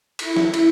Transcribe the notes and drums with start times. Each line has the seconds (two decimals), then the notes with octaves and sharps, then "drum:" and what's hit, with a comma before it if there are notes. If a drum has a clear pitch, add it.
0.19 E4, drum: cymbal
0.36 drum: snare
0.54 drum: cymbal